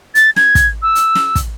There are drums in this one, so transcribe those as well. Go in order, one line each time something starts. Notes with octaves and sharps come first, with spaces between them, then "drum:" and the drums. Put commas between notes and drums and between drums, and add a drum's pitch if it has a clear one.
A6, drum: hi-hat
G#6, drum: snare
drum: kick, hi-hat
E6
drum: hi-hat
drum: snare
drum: kick, hi-hat